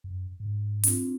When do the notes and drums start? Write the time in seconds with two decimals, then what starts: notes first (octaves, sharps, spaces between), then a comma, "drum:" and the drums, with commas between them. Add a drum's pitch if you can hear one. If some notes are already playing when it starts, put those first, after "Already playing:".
0.04 F#2
0.40 G#2
0.83 C4 D4 F4, drum: hi-hat